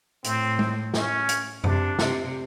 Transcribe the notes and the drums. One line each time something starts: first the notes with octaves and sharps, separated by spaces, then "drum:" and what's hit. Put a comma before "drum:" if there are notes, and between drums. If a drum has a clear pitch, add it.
A2 C4, drum: hi-hat
drum: tom G#3
C#4, drum: snare
drum: hi-hat
C3 D4, drum: tom F#2
C3, drum: snare